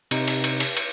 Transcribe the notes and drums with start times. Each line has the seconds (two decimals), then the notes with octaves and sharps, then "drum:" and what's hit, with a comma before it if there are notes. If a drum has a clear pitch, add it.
0.11 C3 D#4, drum: cymbal
0.28 drum: cymbal
0.44 drum: cymbal
0.60 drum: cymbal
0.77 drum: cymbal